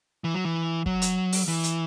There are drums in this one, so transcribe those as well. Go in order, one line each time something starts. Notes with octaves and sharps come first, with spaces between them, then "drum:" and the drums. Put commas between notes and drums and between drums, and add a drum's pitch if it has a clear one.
E3
F#3
E3
F#3, drum: kick
drum: hi-hat
drum: open hi-hat
E3
drum: hi-hat